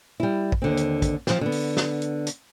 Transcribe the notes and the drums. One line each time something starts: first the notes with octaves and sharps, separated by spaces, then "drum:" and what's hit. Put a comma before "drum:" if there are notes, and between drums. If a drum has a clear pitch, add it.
G3 E4
drum: kick
D#2 D3 C4
drum: hi-hat
drum: kick, hi-hat
F3 C4, drum: snare
D3 B3
drum: open hi-hat
drum: snare
drum: hi-hat
drum: hi-hat